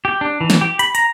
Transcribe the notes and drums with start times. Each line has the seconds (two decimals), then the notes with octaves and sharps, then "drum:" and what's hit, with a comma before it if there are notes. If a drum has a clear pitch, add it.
0.05 G4
0.21 D4
0.41 E3
0.50 drum: snare
0.61 G4
0.79 B5, drum: hi-hat
0.95 A#5, drum: hi-hat